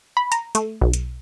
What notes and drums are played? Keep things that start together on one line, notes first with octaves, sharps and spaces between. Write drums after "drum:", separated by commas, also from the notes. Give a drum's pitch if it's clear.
B5
A#5, drum: hi-hat
A3, drum: hi-hat
B1
drum: hi-hat